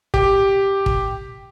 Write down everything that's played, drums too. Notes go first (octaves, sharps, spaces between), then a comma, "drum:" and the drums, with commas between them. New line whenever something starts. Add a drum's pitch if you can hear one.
G4, drum: kick
drum: kick